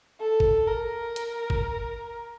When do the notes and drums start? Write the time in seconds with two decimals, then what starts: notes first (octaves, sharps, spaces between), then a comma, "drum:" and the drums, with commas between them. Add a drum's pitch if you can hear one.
0.20 A4
0.40 drum: kick G1
0.67 A#4
1.16 drum: hi-hat
1.50 drum: kick G1